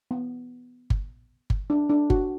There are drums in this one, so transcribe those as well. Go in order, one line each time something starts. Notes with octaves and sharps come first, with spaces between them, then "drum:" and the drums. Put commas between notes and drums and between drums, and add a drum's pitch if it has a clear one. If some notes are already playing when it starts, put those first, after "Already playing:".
B3
drum: kick G1
drum: kick G1
D4
D4
F#4, drum: kick G1